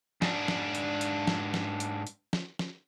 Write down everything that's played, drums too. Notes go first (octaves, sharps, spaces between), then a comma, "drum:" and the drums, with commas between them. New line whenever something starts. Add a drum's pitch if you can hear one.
G#2 D4, drum: snare
drum: snare
drum: hi-hat
drum: hi-hat
drum: snare
drum: snare
drum: hi-hat
drum: hi-hat
drum: snare
drum: snare